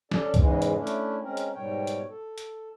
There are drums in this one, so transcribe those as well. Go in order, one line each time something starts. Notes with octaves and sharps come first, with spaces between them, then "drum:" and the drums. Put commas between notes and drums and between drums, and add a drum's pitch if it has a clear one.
C#4 A4 D5, drum: snare
E2 G#2 C#3 E3 G#3, drum: kick C2, hi-hat
drum: hi-hat
A3 C#4 D4 E4
drum: hi-hat
G#3 C4 C#4 A#4
drum: hi-hat
G#2 B2 G3 C#5 G5
drum: hi-hat
A4
drum: hi-hat